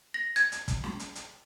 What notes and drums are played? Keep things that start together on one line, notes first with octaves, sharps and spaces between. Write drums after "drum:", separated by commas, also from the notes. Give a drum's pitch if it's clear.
A#6
G#6, drum: hi-hat
drum: hi-hat
drum: kick, hi-hat
drum: snare
drum: hi-hat
drum: hi-hat